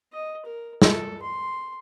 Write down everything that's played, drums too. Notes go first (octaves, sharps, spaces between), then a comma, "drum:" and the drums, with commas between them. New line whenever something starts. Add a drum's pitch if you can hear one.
D#5
A#4
A4, drum: snare
C6